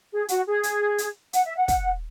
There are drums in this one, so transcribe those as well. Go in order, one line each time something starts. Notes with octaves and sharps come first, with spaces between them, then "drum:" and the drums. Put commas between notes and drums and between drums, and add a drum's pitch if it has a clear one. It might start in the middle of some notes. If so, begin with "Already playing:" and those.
G#4
F#4, drum: hi-hat
G#4
drum: hi-hat
drum: hi-hat
F#5, drum: hi-hat
E5
F#5
drum: kick, hi-hat